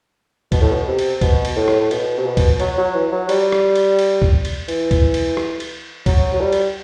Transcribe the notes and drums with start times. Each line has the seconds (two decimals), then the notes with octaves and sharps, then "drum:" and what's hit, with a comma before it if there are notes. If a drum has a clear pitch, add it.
0.52 B2, drum: kick C#2, cymbal
0.61 A2
0.71 B2
0.88 C3
0.99 drum: cymbal
1.21 B2, drum: kick C#2, cymbal
1.45 drum: cymbal
1.56 A2
1.68 drum: rim click
1.81 A2
1.91 B2, drum: cymbal
2.19 C3
2.26 B2
2.37 drum: kick C#2, cymbal
2.60 F#3, drum: cymbal
2.78 F#3
2.94 E3
3.11 F#3
3.29 G3, drum: cymbal
3.52 drum: rim click
3.76 drum: cymbal
3.99 drum: cymbal
4.22 drum: kick C#2
4.45 drum: cymbal
4.68 E3, drum: cymbal
4.91 drum: kick C#2, cymbal
5.14 drum: cymbal
5.37 drum: rim click
5.60 drum: cymbal
6.06 F#3, drum: kick C#2, cymbal
6.33 F#3
6.41 G3
6.53 drum: cymbal